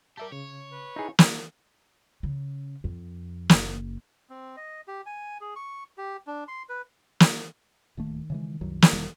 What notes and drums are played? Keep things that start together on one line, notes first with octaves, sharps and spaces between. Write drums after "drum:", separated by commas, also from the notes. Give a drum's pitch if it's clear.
G4 A#4 D5 E5 A5
C#3 C#5
B4
D#4 E4 G#4
drum: snare
C#3
F2
F#1, drum: snare
C4
D#5
G4
G#5
G#4
C#6
G4
D4
C6
B4
drum: snare
D1 D#2 D#3 A3
C#3 E3 G#3
C2 F#2 F#3
drum: snare
E1 G3